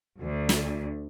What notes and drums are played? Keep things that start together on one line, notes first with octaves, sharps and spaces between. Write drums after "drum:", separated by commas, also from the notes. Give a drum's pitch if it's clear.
D2
drum: snare